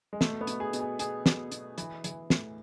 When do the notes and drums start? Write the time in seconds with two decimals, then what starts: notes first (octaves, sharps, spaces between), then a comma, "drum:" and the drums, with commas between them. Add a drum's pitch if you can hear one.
0.13 G#3
0.21 B2 A3, drum: snare
0.41 B3
0.47 B2, drum: hi-hat
0.60 G#4
0.73 B2, drum: hi-hat
0.80 G#4
0.99 B2 G#4, drum: hi-hat
1.26 B2, drum: snare
1.52 B2, drum: hi-hat
1.78 E3, drum: hi-hat
2.04 E3, drum: hi-hat
2.30 A2, drum: snare